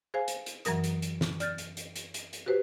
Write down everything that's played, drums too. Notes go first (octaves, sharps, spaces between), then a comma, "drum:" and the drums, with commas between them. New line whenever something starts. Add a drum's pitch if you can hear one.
G#4 C5 F5 G#5
drum: hi-hat
drum: hi-hat
F#2 E3 F#3 A#4 D#6, drum: hi-hat
drum: hi-hat
drum: hi-hat
drum: snare
D5 F6 G6 A6, drum: hi-hat
drum: hi-hat
drum: hi-hat
drum: hi-hat
drum: hi-hat
drum: hi-hat
F#4 G4 B4 C5